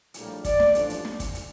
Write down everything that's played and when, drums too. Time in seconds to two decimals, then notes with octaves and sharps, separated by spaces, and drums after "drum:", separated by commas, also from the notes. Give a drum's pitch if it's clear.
0.14 A#1 A2 G3 A#3, drum: hi-hat
0.45 D5, drum: kick, hi-hat
0.60 drum: snare
0.75 A1 G2 F3 A3 D4, drum: hi-hat
0.90 drum: hi-hat
1.05 drum: snare
1.20 drum: kick, hi-hat
1.35 drum: hi-hat